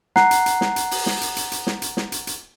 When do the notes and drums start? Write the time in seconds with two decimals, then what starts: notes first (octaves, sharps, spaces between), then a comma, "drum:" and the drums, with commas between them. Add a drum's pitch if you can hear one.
0.16 F#5 A#5 F#6 C7, drum: snare
0.31 drum: hi-hat
0.46 drum: hi-hat
0.61 drum: snare
0.76 drum: hi-hat
0.91 drum: open hi-hat
1.06 drum: snare
1.21 drum: hi-hat
1.36 drum: hi-hat
1.52 drum: hi-hat
1.67 drum: snare
1.82 drum: hi-hat
1.97 drum: snare
2.12 drum: hi-hat
2.27 drum: hi-hat